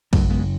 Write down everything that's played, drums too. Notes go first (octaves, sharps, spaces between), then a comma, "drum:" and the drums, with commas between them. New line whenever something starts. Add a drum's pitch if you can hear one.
F#1 F#2 C#3 F#3 A3, drum: kick, cymbal
G#3 B3